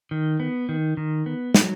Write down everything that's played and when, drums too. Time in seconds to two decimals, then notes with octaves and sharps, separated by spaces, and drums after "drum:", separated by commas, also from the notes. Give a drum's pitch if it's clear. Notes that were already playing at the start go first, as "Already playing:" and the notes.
0.11 D#3
0.40 B3
0.69 D#3
0.97 D#3
1.26 B3
1.55 F#3, drum: snare